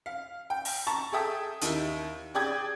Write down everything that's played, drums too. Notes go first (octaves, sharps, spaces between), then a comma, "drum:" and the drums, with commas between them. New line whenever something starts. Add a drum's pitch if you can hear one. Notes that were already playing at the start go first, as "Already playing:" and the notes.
F5
G5
drum: open hi-hat
A5 A#5 C#6
G#4 A4 E5 G5 D#6
D#2 D#4 E4, drum: hi-hat
G4 G#4 D5 G5 D#6 G#6